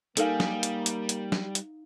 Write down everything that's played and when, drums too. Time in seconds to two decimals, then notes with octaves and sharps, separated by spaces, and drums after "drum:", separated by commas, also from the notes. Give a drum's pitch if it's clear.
0.17 G3 A#3 D#4 A4 A#4 F5 G#5, drum: hi-hat
0.40 drum: snare
0.63 drum: hi-hat
0.86 drum: hi-hat
1.09 drum: hi-hat
1.32 drum: snare
1.55 drum: hi-hat